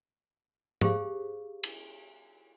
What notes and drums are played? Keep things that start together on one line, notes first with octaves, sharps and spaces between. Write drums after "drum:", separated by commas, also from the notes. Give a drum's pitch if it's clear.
G4 G#4 C5 F5, drum: tom G#2
drum: cymbal